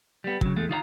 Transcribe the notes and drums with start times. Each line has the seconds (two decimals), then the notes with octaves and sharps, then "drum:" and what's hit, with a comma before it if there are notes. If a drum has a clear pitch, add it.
0.24 G3 B3
0.41 C#3 F#3, drum: kick
0.56 E2 G#3 A3
0.69 D#3 F4 D5 A#5